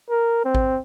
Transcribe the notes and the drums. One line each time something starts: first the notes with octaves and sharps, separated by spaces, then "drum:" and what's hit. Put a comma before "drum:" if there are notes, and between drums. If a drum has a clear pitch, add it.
A#4
C4
drum: kick A1